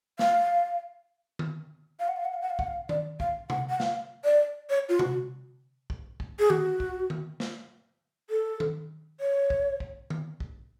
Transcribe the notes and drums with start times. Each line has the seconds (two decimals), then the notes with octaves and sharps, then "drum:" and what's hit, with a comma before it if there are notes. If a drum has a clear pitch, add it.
0.19 F5, drum: snare
1.39 drum: tom D#3
2.00 F5
2.08 F#5
2.16 F5
2.25 F#5
2.34 F5
2.42 F#5
2.50 F5
2.59 F#5, drum: kick
2.67 F5
2.89 D5, drum: tom D#3
3.20 F5, drum: kick
3.50 F#5, drum: tom C3
3.70 F#5
3.80 F5, drum: snare
4.25 D5
4.70 C#5
4.89 F4
4.99 F#4, drum: tom C3
5.90 drum: kick
6.20 drum: kick
6.39 G#4
6.50 F#4, drum: tom D#3
6.80 drum: kick
7.10 drum: tom D#3
7.40 drum: snare
8.30 A4
8.60 drum: tom D#3
9.20 C#5
9.50 drum: kick
9.80 drum: kick
10.10 drum: tom D#3
10.40 drum: kick